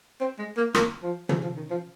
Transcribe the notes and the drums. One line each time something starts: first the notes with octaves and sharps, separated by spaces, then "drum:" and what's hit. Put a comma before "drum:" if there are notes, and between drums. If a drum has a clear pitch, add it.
C4
G#3
A#3
A#3, drum: rim click
F3
F3, drum: tom
F3
D#3
F3